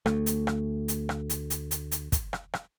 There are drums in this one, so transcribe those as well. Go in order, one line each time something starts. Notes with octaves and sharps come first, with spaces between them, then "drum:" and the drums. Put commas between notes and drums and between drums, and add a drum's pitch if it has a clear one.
D2 A3, drum: rim click
drum: hi-hat
drum: rim click
drum: hi-hat
drum: rim click
drum: hi-hat
drum: hi-hat
drum: hi-hat
drum: hi-hat
drum: kick, hi-hat
drum: rim click
drum: rim click